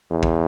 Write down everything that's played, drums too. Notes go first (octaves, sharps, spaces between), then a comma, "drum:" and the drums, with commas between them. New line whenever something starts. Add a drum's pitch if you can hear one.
E2
drum: kick